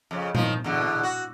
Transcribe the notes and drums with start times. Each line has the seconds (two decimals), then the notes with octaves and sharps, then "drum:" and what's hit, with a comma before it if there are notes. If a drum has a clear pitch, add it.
0.11 F2 C#3
0.35 D#3 F3, drum: tom A#2
0.64 E2 B2 D3
1.03 F#4